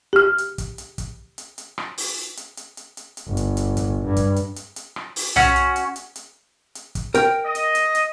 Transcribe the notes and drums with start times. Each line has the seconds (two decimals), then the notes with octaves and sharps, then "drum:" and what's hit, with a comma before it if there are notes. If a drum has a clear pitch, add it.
0.13 G4 F6
0.38 drum: hi-hat
0.58 drum: kick, hi-hat
0.78 drum: hi-hat
0.98 drum: kick, hi-hat
1.38 drum: hi-hat
1.58 drum: hi-hat
1.78 drum: rim click
1.98 drum: open hi-hat
2.37 drum: hi-hat
2.57 drum: hi-hat
2.77 drum: hi-hat
2.97 drum: hi-hat
3.17 drum: hi-hat
3.27 G1
3.37 drum: hi-hat
3.57 drum: hi-hat
3.77 drum: kick, hi-hat
4.06 G2
4.17 drum: kick, hi-hat
4.36 drum: hi-hat
4.56 drum: hi-hat
4.76 drum: hi-hat
4.96 drum: rim click
5.16 drum: open hi-hat
5.36 C#4 F#4, drum: tom
5.56 drum: hi-hat
5.76 drum: hi-hat
5.96 drum: hi-hat
6.16 drum: hi-hat
6.75 drum: hi-hat
6.95 drum: kick, hi-hat
7.14 A#4 G5, drum: hi-hat
7.44 D#5
7.55 drum: hi-hat
7.75 drum: hi-hat
7.95 drum: hi-hat